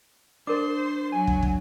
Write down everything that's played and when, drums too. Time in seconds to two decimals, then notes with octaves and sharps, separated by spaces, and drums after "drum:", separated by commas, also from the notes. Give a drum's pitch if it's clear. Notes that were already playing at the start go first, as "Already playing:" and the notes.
0.47 D4 A#4 C5 D5 D6
1.12 F#3 G#5
1.27 drum: kick
1.43 drum: kick